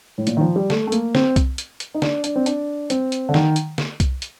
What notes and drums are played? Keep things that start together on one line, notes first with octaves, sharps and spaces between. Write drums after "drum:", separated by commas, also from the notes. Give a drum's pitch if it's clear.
A2
A#2, drum: hi-hat
D#3
F3
G3
A3, drum: snare
A3
A#3, drum: hi-hat
C4, drum: snare
drum: kick C2, hi-hat
drum: hi-hat
drum: hi-hat
D#4
D4, drum: snare
D4, drum: hi-hat
C4
D4, drum: hi-hat
C4, drum: hi-hat
drum: hi-hat
D3
D#3, drum: snare
drum: hi-hat
drum: snare
drum: kick C2, hi-hat
drum: hi-hat